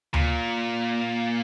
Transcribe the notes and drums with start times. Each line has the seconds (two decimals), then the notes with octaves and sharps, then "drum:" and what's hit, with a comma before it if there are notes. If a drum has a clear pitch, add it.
0.14 A#2, drum: tom D2